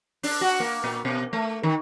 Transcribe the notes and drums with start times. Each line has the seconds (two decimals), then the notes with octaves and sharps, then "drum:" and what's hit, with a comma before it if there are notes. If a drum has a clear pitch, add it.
0.23 D4, drum: open hi-hat
0.41 F#4
0.60 A#3
0.84 A#2
1.05 B2
1.33 A3
1.63 D#3